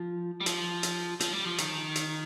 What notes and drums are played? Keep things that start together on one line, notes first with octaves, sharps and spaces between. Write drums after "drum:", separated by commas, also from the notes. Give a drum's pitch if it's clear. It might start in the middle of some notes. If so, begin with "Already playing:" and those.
Already playing: F3
G3
F3, drum: hi-hat
drum: hi-hat
F3, drum: hi-hat
G3
F3
D#3, drum: hi-hat
drum: hi-hat